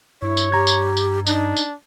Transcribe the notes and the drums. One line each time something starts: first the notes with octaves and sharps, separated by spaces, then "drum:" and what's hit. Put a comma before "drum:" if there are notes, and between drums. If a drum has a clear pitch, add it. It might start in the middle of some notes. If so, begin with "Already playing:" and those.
G2 E4 C#5
drum: tambourine
G4 A#5 G#6
drum: tambourine
drum: tambourine
D4 D#4, drum: tambourine
drum: tambourine